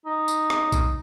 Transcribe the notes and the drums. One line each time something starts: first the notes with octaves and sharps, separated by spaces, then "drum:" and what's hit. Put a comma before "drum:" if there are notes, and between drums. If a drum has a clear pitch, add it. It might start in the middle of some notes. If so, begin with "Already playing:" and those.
D#4
drum: tambourine
drum: rim click
drum: kick, tambourine